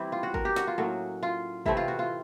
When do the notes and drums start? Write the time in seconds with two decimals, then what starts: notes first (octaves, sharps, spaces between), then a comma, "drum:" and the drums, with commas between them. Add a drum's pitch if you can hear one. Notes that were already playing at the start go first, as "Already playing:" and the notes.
Already playing: E3 G3 C4 E4
0.12 F4
0.23 F#4
0.34 A#4, drum: kick
0.45 G4
0.56 F#4, drum: snare
0.67 F4
0.78 A2 F#3 A#3 C#4 F#4
1.23 F4
1.66 C3 E3 A3 C4 E4, drum: kick
1.77 F4
1.88 F#4
1.99 F4